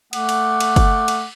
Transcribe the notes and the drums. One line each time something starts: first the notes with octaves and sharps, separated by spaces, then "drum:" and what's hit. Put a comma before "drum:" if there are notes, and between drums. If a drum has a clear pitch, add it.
A3 F#5 D6, drum: cymbal
drum: cymbal
drum: cymbal
drum: kick F#1, cymbal
drum: cymbal